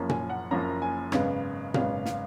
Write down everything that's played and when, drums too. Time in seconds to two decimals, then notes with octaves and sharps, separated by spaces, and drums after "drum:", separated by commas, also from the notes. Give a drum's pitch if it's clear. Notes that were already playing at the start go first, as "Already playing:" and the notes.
Already playing: F#1 F#2 F3 A#3 C#4
0.09 G#5, drum: tom A#2
0.30 F#5
0.51 F#1 F#2 F3 A#3 C#4 A#5
0.82 G#5
1.12 G#1 F#2 C#3 G#3 B3 F5, drum: rim click
1.74 G#1 F#2 C#3 G#3 B3 F5, drum: tom A#2
2.06 F5, drum: snare